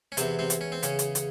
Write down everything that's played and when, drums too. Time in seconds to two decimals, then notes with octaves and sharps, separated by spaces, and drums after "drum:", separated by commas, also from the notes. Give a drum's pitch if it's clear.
0.12 C#4
0.17 E2 C3 E3 C4, drum: hi-hat
0.39 C3 C4
0.50 drum: hi-hat
0.61 C#4
0.72 C4
0.83 C#3 C#4, drum: hi-hat
0.99 drum: hi-hat
1.15 drum: hi-hat